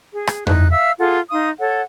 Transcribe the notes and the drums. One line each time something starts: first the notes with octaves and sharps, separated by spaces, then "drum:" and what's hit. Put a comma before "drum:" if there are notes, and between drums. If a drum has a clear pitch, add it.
G#4
drum: rim click
D#4 E4 F#6, drum: tom F2
E5 F5 E6
F4 G#4 A4 F#5
D#4 F5 C6 D#6
A4 C#5 F#5